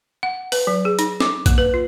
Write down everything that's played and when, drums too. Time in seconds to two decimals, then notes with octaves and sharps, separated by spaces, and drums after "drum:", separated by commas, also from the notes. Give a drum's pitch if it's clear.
0.23 F#5
0.52 B4, drum: open hi-hat
0.67 F#3
0.85 G#4
0.99 D#4, drum: hi-hat
1.20 D6, drum: snare
1.46 A#3, drum: kick, hi-hat
1.58 B4
1.74 F4